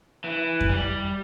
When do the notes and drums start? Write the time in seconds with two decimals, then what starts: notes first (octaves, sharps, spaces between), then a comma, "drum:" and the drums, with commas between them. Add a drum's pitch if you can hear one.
0.24 E3
0.61 drum: kick F2
0.70 G3